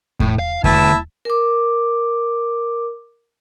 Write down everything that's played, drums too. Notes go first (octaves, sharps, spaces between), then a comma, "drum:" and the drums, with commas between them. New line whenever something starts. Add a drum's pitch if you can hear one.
A2, drum: kick E2
F5
D2 E4 B4 A5, drum: kick E2
A#4 D6